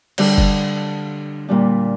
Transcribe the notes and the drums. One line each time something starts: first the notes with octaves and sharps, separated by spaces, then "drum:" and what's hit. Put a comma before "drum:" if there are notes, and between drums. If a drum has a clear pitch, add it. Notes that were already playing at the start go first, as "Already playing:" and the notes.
D3 G3 D4 A4, drum: cymbal
drum: kick F#1
A#2 G3 D4